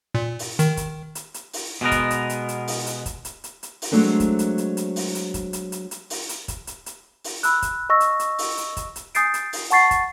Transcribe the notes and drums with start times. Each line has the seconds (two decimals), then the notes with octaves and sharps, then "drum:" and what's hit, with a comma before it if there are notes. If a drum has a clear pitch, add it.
0.15 A#2
0.39 drum: open hi-hat
0.59 D#3, drum: hi-hat
0.77 drum: kick, hi-hat
1.15 drum: hi-hat
1.34 drum: hi-hat
1.53 drum: open hi-hat
1.81 B2 G#3 B3 A#4
1.91 drum: kick, hi-hat
2.10 drum: hi-hat
2.29 drum: hi-hat
2.48 drum: hi-hat
2.68 drum: open hi-hat
2.87 drum: hi-hat
3.06 drum: kick, hi-hat
3.25 drum: hi-hat
3.44 drum: hi-hat
3.63 drum: hi-hat
3.82 drum: open hi-hat
3.92 F#3 G#3 A3 C4 D4
4.20 drum: kick, hi-hat
4.39 drum: hi-hat
4.58 drum: hi-hat
4.77 drum: hi-hat
4.96 drum: open hi-hat
5.15 drum: hi-hat
5.34 drum: kick, hi-hat
5.53 drum: hi-hat
5.72 drum: hi-hat
5.91 drum: hi-hat
6.10 drum: open hi-hat
6.29 drum: hi-hat
6.48 drum: kick, hi-hat
6.67 drum: hi-hat
6.86 drum: hi-hat
7.24 drum: open hi-hat
7.43 B5 E6 F#6, drum: hi-hat
7.62 drum: kick, hi-hat
7.89 D#5 C#6 E6 A#6
8.00 drum: hi-hat
8.19 drum: hi-hat
8.38 drum: open hi-hat
8.58 drum: hi-hat
8.77 drum: kick, hi-hat
8.96 drum: hi-hat
9.15 G#5 D#6 G6 A6 C7 D7, drum: hi-hat
9.34 drum: hi-hat
9.53 drum: open hi-hat
9.70 F#5 A5 C#6 A6 C7, drum: hi-hat
9.91 drum: kick, hi-hat